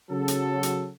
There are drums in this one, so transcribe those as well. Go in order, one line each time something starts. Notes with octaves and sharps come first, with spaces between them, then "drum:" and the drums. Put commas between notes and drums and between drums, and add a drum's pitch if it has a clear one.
C#3 F#3 A4
drum: hi-hat
drum: hi-hat